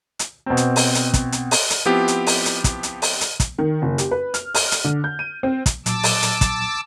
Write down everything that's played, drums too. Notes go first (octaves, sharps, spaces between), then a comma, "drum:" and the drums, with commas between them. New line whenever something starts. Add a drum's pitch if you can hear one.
drum: hi-hat
B2 C4
drum: hi-hat
drum: open hi-hat
drum: hi-hat
drum: kick, hi-hat
drum: hi-hat
drum: open hi-hat
drum: hi-hat
F3 B3 C4 E4 G4
drum: hi-hat
drum: open hi-hat
drum: hi-hat
drum: kick, hi-hat
drum: hi-hat
drum: open hi-hat
drum: hi-hat
drum: kick, hi-hat
D#3
F#1
G4, drum: hi-hat
B4
F6, drum: hi-hat
F6, drum: open hi-hat
drum: hi-hat
D3
G6
D#7
C4
drum: kick, hi-hat
A#2 F#3 A5 D6 E6, drum: hi-hat
drum: open hi-hat
drum: hi-hat
drum: kick, hi-hat